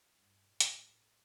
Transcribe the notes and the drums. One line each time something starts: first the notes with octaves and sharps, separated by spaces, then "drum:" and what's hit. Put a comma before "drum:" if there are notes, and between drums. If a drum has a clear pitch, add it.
G2
A2
drum: hi-hat